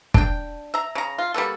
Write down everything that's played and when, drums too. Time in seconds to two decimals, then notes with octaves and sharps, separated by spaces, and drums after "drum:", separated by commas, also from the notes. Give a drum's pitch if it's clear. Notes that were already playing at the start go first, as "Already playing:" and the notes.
0.14 D4 G5, drum: kick
0.74 E5 A#5
0.95 C#3 A#5
1.18 F4
1.34 G3 A#3 B3 A4